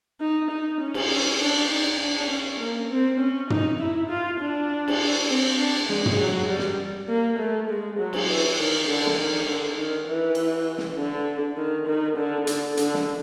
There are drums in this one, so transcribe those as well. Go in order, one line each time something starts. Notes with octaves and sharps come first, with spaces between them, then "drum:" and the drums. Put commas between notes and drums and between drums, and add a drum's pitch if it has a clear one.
D#4
D#4
C#4
drum: cymbal
C#4
D4
D#4
D4
C#4
A#3
C4
C#4
D#4, drum: tom
E4
F4
D4
drum: cymbal
C4
D4
G#3, drum: snare
drum: tom
F#3
G3
drum: snare
A#3
A3
G#3
F#3
drum: cymbal
E3
D#3
D3
drum: snare
D#3
D3
D#3
E3
drum: cymbal
drum: snare
D3
D#3
D#3
D3
D3, drum: hi-hat
D3, drum: hi-hat
drum: snare